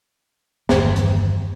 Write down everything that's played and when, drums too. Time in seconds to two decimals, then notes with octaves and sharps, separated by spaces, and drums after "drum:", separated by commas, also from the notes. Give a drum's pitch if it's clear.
0.69 G1 E2 G2 D#3, drum: snare
0.96 drum: hi-hat